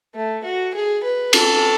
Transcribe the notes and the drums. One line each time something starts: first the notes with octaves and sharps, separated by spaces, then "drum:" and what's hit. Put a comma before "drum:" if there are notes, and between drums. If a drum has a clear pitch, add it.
A3
F#4
G#4
B4
A4, drum: cymbal